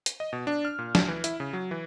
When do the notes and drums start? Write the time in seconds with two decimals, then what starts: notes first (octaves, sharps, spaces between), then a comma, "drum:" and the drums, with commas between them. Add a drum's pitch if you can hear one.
0.06 drum: hi-hat
0.20 D#5
0.33 B2
0.47 D4
0.65 F6
0.79 A#2
0.95 D2, drum: snare
1.08 E3
1.24 E4, drum: hi-hat
1.40 C#3
1.53 F#3
1.71 E3